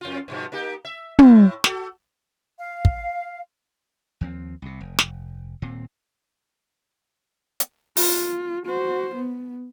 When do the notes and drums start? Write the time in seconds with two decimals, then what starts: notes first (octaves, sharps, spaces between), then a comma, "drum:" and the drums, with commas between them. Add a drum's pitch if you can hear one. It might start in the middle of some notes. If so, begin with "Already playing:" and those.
0.01 F2 F4
0.28 G2 B2 F3
0.52 A#3 D#4 G4
0.85 E5
1.19 A2 E4, drum: tom
1.64 F#4 A4, drum: snare
2.58 F5
2.85 drum: kick
4.21 D#2 F3 C4
4.62 C2 C3
4.81 F1
4.99 drum: snare
5.62 D#1 A#2 C4
7.60 drum: hi-hat
7.97 F4, drum: open hi-hat
8.66 F#4 C5
9.15 B3